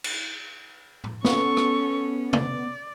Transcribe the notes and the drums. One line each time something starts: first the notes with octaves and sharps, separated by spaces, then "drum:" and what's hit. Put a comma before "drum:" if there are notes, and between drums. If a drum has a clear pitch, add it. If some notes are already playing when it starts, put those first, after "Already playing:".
drum: cymbal
drum: tom A2
B3 C#4 A4 C#6, drum: snare
drum: rim click
D5, drum: tom